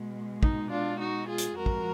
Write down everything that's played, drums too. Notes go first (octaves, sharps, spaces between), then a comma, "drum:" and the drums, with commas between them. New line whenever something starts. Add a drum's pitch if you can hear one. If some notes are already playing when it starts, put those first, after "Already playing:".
Already playing: B2 G#3
D#4, drum: kick
D4 F4
D#4 F#4
F4 G#4
drum: hi-hat
F2 F3 G#3 F#4 A#4
drum: kick